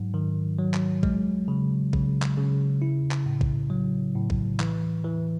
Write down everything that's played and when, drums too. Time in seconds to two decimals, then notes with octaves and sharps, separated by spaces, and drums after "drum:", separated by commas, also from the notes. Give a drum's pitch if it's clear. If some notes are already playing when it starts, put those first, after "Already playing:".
Already playing: G#2 F#3
0.14 D#3
0.58 F#3
0.74 drum: clap
1.03 G#3, drum: kick A#1
1.48 C#3
1.93 C#3, drum: kick A#1
2.22 drum: clap
2.37 C#3
2.82 E4
3.11 drum: clap
3.26 A2
3.41 drum: kick A#1
3.70 F#3
4.15 A2
4.30 drum: kick A#1
4.60 E3, drum: clap
5.04 E3